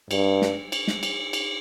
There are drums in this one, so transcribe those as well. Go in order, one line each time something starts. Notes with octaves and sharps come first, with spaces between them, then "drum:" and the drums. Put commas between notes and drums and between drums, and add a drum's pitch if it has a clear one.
G2, drum: cymbal
drum: snare
drum: cymbal
drum: snare
drum: cymbal
drum: cymbal